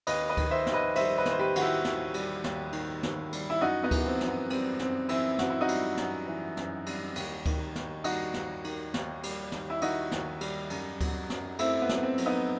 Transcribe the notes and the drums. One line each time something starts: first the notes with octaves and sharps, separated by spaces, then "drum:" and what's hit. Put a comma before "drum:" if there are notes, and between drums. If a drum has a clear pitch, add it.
D#2 B4 D#5, drum: cymbal
B4 D#5
D#3, drum: kick D2, cymbal
C5 E5
D#2, drum: snare
B4 D#5
G3 C5 E5, drum: cymbal
B4 D#5
D#2 C5, drum: snare
G4 B4
D#3 F#4, drum: cymbal
E4 G4
D#2, drum: snare
G3, drum: cymbal
D#2, drum: snare
D#3, drum: cymbal
D#2, drum: snare
G3, drum: cymbal
E4
F#2 D#4 F#4
B3 D#4
E3, drum: kick D2, cymbal
C4
F#2, drum: snare
B3
G3 C4, drum: cymbal
F#2 C4, drum: snare
E3 C4 E4, drum: cymbal
F#2 F#4, drum: snare
E4
D#4 F#4
G3, drum: cymbal
F#2, drum: snare
E3
F#2, drum: snare
G3, drum: cymbal
D#2, drum: cymbal
D#3, drum: kick D2, cymbal
D#2, drum: snare
G3 D#4 F#4, drum: cymbal
D#2, drum: snare
D#3, drum: cymbal
D#2, drum: snare
G3, drum: cymbal
D#2, drum: snare
E4
D#3 D#4 F#4, drum: cymbal
D#2, drum: snare
G3, drum: cymbal
F#2, drum: cymbal
F#3, drum: kick D2, cymbal
F#2, drum: snare
A3 C4 E4, drum: cymbal
B3
F#2, drum: snare
C4
F#3, drum: cymbal
B3 D#4